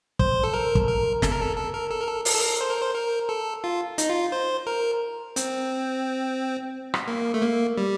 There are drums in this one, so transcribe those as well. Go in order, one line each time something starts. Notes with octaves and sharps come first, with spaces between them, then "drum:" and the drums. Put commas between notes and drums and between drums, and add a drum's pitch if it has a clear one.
C5, drum: kick
A4
A#4
drum: kick
A#4
A4, drum: snare
A#4
A4
A4
A#4
A4
A#4
A4
A#4, drum: open hi-hat
A4
A#4
C5
A#4
C5
A#4
A4
F4
D#4, drum: hi-hat
F4
C5
A#4
C4, drum: hi-hat
drum: rim click
A#3
A3
A#3
G3